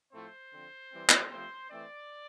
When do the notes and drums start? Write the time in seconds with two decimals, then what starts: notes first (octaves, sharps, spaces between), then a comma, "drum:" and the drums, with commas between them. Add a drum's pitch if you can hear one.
0.12 A2 F3 A3 C4 C5
0.52 D3 F3 C4
0.92 E3 G3 C4
1.09 drum: clap
1.31 C3 F3 A3 C4 C5
1.71 E3 A3 C4 D5